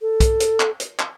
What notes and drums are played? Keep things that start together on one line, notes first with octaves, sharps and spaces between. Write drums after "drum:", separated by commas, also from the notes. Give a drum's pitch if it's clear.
A4
drum: kick B1, hi-hat
drum: hi-hat
drum: clap
drum: hi-hat
drum: clap